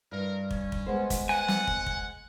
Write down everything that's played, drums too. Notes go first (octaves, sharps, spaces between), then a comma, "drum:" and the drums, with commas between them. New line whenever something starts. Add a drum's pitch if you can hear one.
G2 A#4
C#4, drum: kick
drum: kick
G#3 B3 C5
drum: kick, hi-hat
F#5 G#5
drum: snare
drum: kick
drum: kick